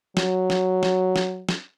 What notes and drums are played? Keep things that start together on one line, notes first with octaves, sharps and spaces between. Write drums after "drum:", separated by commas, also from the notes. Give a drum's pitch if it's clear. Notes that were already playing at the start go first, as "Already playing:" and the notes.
F#3, drum: snare
drum: snare
drum: snare
drum: snare
drum: snare